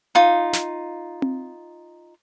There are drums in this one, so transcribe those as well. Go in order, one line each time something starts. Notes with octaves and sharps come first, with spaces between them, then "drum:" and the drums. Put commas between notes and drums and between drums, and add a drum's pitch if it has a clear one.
D#4 F4
drum: snare
drum: tom C4